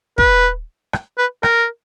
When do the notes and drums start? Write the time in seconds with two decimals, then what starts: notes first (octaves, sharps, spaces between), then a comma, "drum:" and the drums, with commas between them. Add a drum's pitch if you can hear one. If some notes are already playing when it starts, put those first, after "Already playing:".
0.18 B4, drum: kick
0.93 drum: rim click
1.18 B4
1.43 A#4, drum: rim click